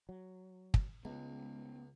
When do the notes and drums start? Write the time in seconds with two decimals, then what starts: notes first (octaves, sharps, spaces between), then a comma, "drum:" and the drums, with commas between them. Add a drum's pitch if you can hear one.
0.09 F#3
0.74 drum: kick
1.05 C#2 G#3 B3 C#4